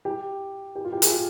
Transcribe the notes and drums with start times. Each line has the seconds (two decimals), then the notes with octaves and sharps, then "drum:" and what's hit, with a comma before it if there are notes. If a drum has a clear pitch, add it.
0.05 G4
0.75 G4
0.84 F4
0.93 G4
1.02 G#4, drum: hi-hat
1.10 F4